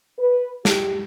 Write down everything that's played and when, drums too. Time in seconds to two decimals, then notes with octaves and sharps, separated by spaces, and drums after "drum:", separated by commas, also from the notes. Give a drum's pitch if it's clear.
0.19 B4
0.65 G4, drum: snare